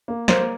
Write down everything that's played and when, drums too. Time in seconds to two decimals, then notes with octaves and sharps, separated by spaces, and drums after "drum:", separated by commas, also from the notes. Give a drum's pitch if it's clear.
0.08 A#3
0.28 A#3 C5, drum: snare